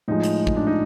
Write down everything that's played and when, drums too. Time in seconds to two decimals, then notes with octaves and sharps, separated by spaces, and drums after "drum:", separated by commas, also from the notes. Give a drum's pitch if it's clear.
0.08 A2 F3 G#3 D#4
0.24 drum: hi-hat
0.47 drum: kick
0.57 D4
0.67 D#4